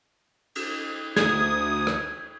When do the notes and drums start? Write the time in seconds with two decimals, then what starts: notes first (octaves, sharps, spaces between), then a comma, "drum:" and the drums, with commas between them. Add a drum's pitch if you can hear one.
0.55 drum: cymbal
1.16 D2 D#6 G#6, drum: snare
1.87 drum: rim click